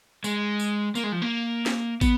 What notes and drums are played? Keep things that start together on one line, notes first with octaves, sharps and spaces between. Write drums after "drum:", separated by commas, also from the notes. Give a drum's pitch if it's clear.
G#3, drum: tambourine
drum: tambourine
A#3, drum: tambourine
G#3
F3
A#3
drum: snare
B3, drum: kick, tambourine